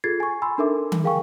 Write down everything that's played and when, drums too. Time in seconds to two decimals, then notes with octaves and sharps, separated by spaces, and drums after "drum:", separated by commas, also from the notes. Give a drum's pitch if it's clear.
0.04 F4 G#4 A4 G#6 A6 C7
0.20 G#5 C#6
0.42 G#5 B5 C6 E6
0.58 D4 D#4 A4 A#4 E5 D6
0.92 drum: tom D#3
1.04 G#4 A#4 F5 G5 G#5 C#6